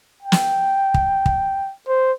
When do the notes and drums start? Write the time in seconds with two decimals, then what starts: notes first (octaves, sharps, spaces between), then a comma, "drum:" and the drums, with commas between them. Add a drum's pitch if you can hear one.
0.23 G5
0.32 drum: snare
0.94 drum: kick
1.26 drum: kick
1.88 C5